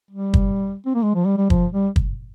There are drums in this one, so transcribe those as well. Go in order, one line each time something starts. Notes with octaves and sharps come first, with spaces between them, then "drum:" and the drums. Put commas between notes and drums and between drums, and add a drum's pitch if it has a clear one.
G3
drum: kick
C4
A#3
G#3
F3
G3
G3
F3, drum: kick
G3
drum: kick